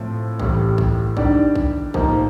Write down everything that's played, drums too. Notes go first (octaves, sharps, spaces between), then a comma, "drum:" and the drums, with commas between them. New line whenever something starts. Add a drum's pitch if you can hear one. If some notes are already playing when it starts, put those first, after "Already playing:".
Already playing: A2 F3 A3 C4 F4
A1 A2 G3, drum: kick A1
drum: kick A1
D#3 G3 D4 G4 D5, drum: kick A1
drum: kick A1
A2 F3 A#3 D#4, drum: kick A1